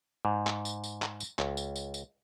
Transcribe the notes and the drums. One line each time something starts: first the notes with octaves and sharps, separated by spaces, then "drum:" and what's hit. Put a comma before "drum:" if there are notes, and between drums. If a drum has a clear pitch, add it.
G#2
drum: clap
drum: tambourine
drum: tambourine
drum: clap
drum: tambourine
C#2, drum: clap
drum: tambourine
drum: tambourine
drum: tambourine